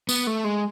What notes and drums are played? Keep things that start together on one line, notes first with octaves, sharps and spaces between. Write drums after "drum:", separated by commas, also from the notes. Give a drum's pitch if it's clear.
B3, drum: tambourine
A3
G#3